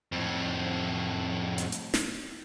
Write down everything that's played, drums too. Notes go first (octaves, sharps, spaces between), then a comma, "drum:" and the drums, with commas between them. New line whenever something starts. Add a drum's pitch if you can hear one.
F2 A2
drum: hi-hat
drum: hi-hat
drum: snare